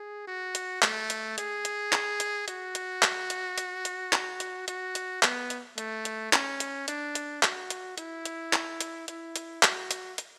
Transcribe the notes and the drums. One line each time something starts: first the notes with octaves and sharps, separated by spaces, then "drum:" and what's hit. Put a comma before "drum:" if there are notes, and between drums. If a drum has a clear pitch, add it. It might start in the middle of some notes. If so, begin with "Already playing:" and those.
Already playing: G#4
F#4
drum: hi-hat
A3, drum: clap
drum: hi-hat
G#4, drum: hi-hat
drum: hi-hat
drum: clap
drum: hi-hat
F#4, drum: hi-hat
drum: hi-hat
drum: clap
drum: hi-hat
drum: hi-hat
drum: hi-hat
drum: clap
drum: hi-hat
F#4, drum: hi-hat
drum: hi-hat
B3, drum: clap
drum: hi-hat
A3, drum: hi-hat
drum: hi-hat
C#4, drum: clap
drum: hi-hat
D4, drum: hi-hat
drum: hi-hat
F#4, drum: clap
drum: hi-hat
E4, drum: hi-hat
drum: hi-hat
drum: clap
drum: hi-hat
E4, drum: hi-hat
drum: hi-hat
F#4, drum: clap
drum: hi-hat
drum: hi-hat